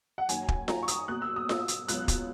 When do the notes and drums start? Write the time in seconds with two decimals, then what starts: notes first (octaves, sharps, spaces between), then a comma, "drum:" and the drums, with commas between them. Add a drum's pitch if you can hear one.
0.18 F#5
0.29 F#2 D#3 A#3 G#5, drum: hi-hat
0.48 drum: kick
0.68 A#5, drum: snare F4
0.83 C#6
0.88 D#6, drum: hi-hat
1.08 B2 A#3 F#6
1.22 E6
1.36 D#6
1.49 E6, drum: snare F4
1.68 drum: hi-hat
1.88 C#2 B2 F#3 B3 F#6, drum: hi-hat
2.08 drum: kick, hi-hat